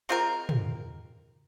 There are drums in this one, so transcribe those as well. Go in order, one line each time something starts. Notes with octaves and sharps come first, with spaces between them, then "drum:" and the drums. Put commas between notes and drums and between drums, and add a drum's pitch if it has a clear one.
G#3 C4 F4 A#4
drum: tom